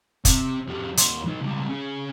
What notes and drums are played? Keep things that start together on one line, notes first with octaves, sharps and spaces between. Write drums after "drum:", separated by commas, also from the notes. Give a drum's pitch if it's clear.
C3, drum: kick, hi-hat
F2 G3
D#2 C6, drum: hi-hat
F#3 D#4
C#2 G3
C#4 G#4